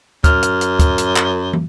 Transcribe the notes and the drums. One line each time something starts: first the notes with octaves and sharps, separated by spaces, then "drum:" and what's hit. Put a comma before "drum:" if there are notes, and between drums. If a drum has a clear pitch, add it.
F#2 F6, drum: kick, hi-hat
drum: hi-hat
drum: hi-hat
drum: kick, hi-hat
drum: hi-hat
drum: clap
drum: tom